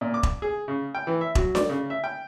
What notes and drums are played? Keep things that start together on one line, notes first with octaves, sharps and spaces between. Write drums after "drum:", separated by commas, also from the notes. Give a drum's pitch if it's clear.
A#2
D6
drum: kick E1
G#4
C#3
G5
E3
E5
F#3, drum: kick E1
D5, drum: snare D4
C#3
E5
G5